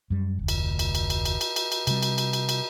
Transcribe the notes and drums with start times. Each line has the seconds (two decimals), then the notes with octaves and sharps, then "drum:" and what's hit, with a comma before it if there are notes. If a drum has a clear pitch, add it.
0.10 F#2 G3
0.39 F1 D2
0.48 drum: cymbal
0.79 drum: cymbal
0.95 drum: cymbal
1.10 drum: cymbal
1.25 drum: cymbal
1.41 drum: cymbal
1.56 drum: cymbal
1.72 drum: cymbal
1.87 C3 G3, drum: cymbal
2.03 drum: cymbal
2.18 drum: cymbal
2.33 drum: cymbal
2.49 drum: cymbal